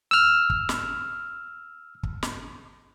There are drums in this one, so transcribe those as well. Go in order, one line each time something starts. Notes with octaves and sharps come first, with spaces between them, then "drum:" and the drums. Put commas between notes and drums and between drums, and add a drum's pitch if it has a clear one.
E6 F6
drum: kick
drum: snare
drum: kick
drum: snare